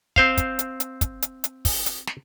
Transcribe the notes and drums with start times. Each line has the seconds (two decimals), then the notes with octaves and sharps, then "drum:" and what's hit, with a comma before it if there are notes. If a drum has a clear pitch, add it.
0.16 C4 C5 F5, drum: kick
0.37 drum: kick, hi-hat
0.59 drum: hi-hat
0.80 drum: hi-hat
1.01 drum: kick, hi-hat
1.22 drum: hi-hat
1.44 drum: hi-hat
1.65 drum: kick, open hi-hat
1.86 drum: hi-hat
2.07 drum: snare